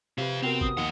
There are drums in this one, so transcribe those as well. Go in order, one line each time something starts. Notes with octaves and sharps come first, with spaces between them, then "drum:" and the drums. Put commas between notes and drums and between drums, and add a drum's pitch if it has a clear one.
C3 C4 G4 B4 F5
B3 C4 F#4 A#4 F7
D#6, drum: kick
D#2 F3 F#5